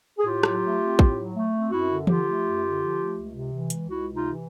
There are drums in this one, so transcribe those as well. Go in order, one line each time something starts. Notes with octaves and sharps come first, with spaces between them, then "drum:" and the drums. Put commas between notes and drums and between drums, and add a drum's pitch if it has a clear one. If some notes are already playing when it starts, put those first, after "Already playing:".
G#4
A2 F4 G4
F#3, drum: rim click
A3
C4
A2, drum: kick
F#3
A3
C4
F#2 E4 F#4
D3
F3 F4 G4, drum: tom E3
A3
F#2
D3
F3
A3
C#2
C3
E3
G#3, drum: hi-hat
C#2 E4 F#4
C3
D#4 F4
E3